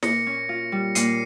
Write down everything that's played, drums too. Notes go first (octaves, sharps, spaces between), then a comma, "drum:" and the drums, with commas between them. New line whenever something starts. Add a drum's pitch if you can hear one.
A#2 A#6 C#7, drum: snare
C#4
F4
G3
A#2 C7 D#7, drum: hi-hat